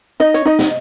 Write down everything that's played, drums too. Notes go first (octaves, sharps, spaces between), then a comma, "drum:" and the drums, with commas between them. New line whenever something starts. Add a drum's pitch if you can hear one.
D#4 D#5
C#5, drum: hi-hat
D#4 D#5
drum: snare